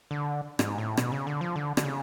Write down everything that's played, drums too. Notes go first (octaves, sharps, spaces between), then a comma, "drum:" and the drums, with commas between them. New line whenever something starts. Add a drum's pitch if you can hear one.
D3
G#2, drum: rim click
A2
B2, drum: rim click
C#3
D3
F3
D3
D3, drum: rim click
C#3